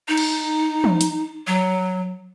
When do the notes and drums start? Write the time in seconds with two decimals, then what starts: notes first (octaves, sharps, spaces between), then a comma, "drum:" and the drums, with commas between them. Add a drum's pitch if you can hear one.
0.08 D#4
0.17 drum: cymbal
0.84 drum: tom
1.01 drum: hi-hat
1.47 F#3